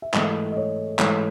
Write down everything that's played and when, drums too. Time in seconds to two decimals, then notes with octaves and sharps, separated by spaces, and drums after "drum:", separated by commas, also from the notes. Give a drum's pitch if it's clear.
0.02 E5
0.14 G#2 E3 A3 D#5, drum: clap
0.52 D#5
0.57 C#5
0.99 G#2 E3 A3 C#5, drum: clap